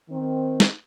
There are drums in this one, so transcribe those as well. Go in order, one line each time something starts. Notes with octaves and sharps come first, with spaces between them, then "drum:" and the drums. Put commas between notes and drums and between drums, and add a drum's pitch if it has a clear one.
D#3 C4
drum: snare